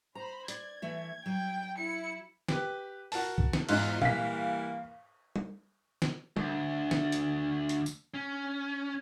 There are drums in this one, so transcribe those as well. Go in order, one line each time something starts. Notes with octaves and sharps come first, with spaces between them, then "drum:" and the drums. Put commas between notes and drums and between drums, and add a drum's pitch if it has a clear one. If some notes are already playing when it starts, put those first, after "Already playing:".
C5 A#5 B5
D5 G#6, drum: hi-hat
E3 A3 E5
F#3 G5
E4 C#7
G4 B4, drum: snare
F#4 A#4 A5, drum: open hi-hat
drum: kick
drum: snare
E2 G#2 D#4 F4 A#5 C6 F#6, drum: cymbal
E3 G3 A#3 F5 B6, drum: tom A#2
drum: tom
drum: snare
D2, drum: tom
drum: snare
drum: hi-hat
drum: hi-hat
drum: tambourine
C#4